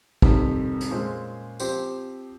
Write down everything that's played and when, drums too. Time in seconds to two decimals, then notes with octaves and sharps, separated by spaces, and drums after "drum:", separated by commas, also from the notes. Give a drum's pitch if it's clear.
0.22 F2 C3 D#3 G3, drum: kick
0.81 drum: hi-hat
0.91 A#2 G#3 C#4 G#4 C5
1.60 F3 C4 G4 C5, drum: tambourine